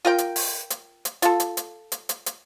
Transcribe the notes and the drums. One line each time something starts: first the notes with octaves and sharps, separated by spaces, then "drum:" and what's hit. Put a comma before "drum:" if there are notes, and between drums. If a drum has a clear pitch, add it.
F4 A#4 G5
drum: hi-hat
drum: open hi-hat
drum: hi-hat
drum: hi-hat
F4 A4, drum: hi-hat
drum: hi-hat
drum: hi-hat
drum: hi-hat
drum: hi-hat
drum: hi-hat